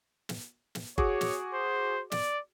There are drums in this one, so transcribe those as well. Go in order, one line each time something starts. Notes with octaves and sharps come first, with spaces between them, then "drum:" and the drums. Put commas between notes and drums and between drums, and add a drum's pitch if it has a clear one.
drum: snare
drum: snare
F#4 G#4 C#5 D6, drum: kick G1
drum: snare
C5
D5, drum: snare